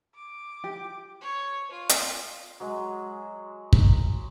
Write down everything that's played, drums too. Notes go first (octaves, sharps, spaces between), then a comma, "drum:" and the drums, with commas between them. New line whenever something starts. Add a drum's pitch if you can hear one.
D6
G4
C#5
F4
drum: hi-hat
F#3 G#3
drum: kick